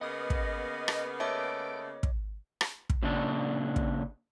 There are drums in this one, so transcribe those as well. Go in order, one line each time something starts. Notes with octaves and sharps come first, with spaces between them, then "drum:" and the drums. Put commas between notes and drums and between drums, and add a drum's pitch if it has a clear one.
C#3 A#3 B3 D#5
drum: kick
drum: rim click
A3 G#4 C#5 D#5 D6 D7
drum: kick
drum: rim click
drum: kick
A#2 C#3 D4
drum: kick